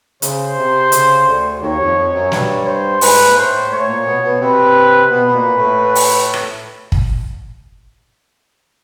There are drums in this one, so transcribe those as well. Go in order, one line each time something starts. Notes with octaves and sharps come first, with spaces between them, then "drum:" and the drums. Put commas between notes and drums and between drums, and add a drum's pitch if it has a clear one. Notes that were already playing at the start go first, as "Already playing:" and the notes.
C#3 C5, drum: hi-hat
C3
C#3, drum: hi-hat
D2 D3
D#2 D#3 C#5
F2 F3
F2 F3
F#2 F#3
G2 G3 C#5, drum: snare
C5
G#2 G#3 B4, drum: open hi-hat
A#3
A2 A3 C5
A2 A3 C#5
A#2 A#3
B2 B3
B2 B3
C3 C4 B4
B2 B3 B4
B3
A#2 A#3
A2 A3
drum: open hi-hat
drum: rim click
drum: kick